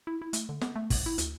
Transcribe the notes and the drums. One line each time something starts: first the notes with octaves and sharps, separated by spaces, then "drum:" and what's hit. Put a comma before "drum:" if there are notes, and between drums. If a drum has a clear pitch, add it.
E4
E4
A3, drum: hi-hat
D3
B3, drum: snare
A3
C2, drum: kick, open hi-hat
E4
D2, drum: hi-hat